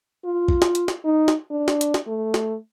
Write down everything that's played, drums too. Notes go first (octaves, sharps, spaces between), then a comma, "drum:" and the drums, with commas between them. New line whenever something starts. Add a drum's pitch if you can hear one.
F4
drum: kick
drum: snare
drum: hi-hat
drum: snare
D#4
drum: snare
D4
drum: snare
drum: hi-hat
drum: snare
A3
drum: snare